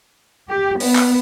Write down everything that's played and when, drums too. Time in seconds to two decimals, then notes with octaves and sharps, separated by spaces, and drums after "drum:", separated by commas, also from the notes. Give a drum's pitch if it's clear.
0.49 G4
0.80 B3, drum: open hi-hat
0.95 drum: clap